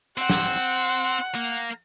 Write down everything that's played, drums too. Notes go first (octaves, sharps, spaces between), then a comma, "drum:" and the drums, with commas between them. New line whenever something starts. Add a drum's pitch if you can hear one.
C4 F#5
drum: snare
A#3